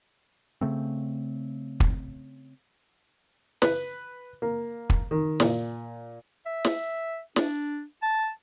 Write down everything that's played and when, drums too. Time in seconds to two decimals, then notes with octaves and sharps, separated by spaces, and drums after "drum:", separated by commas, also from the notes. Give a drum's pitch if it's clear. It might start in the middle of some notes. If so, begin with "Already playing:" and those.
0.61 C#3 A3 C4
1.80 drum: kick
3.62 B4, drum: snare
4.42 A#3
4.90 drum: kick
5.11 D#3
5.40 A#2, drum: snare
6.46 E5
6.65 drum: snare
7.36 D4, drum: snare
8.02 A5